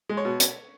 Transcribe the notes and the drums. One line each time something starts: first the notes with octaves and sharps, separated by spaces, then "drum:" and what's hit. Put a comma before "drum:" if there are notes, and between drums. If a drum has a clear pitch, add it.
G#3
C#5
B2
drum: hi-hat